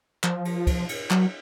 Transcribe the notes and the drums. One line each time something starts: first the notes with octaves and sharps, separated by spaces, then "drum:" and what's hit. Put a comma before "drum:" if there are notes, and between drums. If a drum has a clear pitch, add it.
F3, drum: clap
drum: cymbal
drum: kick, cymbal
drum: cymbal
F#3, drum: clap